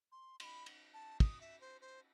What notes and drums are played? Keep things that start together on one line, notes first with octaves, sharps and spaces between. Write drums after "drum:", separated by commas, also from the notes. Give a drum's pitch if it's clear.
C6
C6, drum: cymbal
B5
drum: cymbal
A5
D#6, drum: kick, cymbal
E5
C5
C5